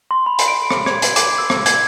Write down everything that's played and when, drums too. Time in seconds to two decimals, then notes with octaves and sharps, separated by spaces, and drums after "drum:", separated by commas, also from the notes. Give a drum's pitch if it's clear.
0.11 C6
0.26 B5
0.39 drum: hi-hat
0.48 D7
0.70 drum: rim click
0.86 G#6, drum: rim click
1.02 drum: hi-hat
1.16 D6, drum: hi-hat
1.38 E6
1.50 drum: rim click
1.66 G#6, drum: hi-hat